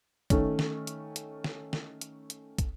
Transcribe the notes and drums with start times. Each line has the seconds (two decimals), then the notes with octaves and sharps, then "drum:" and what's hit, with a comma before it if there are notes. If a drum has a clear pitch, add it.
0.30 D#3 A3 C#4, drum: kick, hi-hat
0.59 drum: snare
0.87 drum: hi-hat
1.16 drum: hi-hat
1.44 drum: snare
1.73 drum: snare
2.01 drum: hi-hat
2.30 drum: hi-hat
2.58 drum: kick, hi-hat